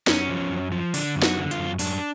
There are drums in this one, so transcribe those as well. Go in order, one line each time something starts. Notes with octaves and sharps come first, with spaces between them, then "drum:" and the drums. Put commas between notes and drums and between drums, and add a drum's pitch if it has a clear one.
F#2 C#4, drum: snare
F3
F#2
F3
D3 D4, drum: open hi-hat
F#2
F#4, drum: snare
D3
F4, drum: hi-hat
F#2
F#2 D4, drum: open hi-hat